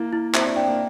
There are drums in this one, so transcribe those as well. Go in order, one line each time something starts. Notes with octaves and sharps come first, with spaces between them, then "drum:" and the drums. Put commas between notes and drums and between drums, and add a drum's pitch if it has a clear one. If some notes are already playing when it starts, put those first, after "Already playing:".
Already playing: A#3 E4
E4
C4 E5, drum: clap
D4
D4 G5
A#3